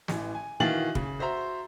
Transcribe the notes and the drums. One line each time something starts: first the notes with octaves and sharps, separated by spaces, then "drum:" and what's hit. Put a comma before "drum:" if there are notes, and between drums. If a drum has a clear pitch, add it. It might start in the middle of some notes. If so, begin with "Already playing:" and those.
A1 E3, drum: snare
G#5
D#3 E3 F#4 F5 A6 F#7
C#3, drum: kick
F#4 C5 E5 A#5 C6